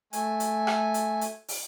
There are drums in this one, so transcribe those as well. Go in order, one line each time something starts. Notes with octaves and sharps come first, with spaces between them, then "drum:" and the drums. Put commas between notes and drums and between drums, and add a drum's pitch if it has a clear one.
A3 G#5, drum: hi-hat
drum: hi-hat
drum: rim click
drum: hi-hat
drum: hi-hat
drum: open hi-hat